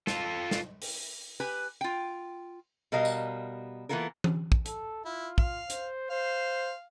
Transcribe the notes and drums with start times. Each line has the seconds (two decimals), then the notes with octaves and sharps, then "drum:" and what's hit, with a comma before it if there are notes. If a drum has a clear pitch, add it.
0.07 F4 A4, drum: snare
0.51 drum: snare
0.82 drum: open hi-hat
1.40 G4 B4 G#5
1.81 F4 G5
2.92 B2 G3 A#4 D#5 F5
3.05 drum: tambourine
3.89 E3 A#3 B3 F4 A4 A#4
4.24 drum: tom E3
4.52 drum: kick
4.66 A4, drum: hi-hat
5.05 E4 F4
5.38 F5, drum: kick
5.70 C5, drum: hi-hat
6.10 C5 F5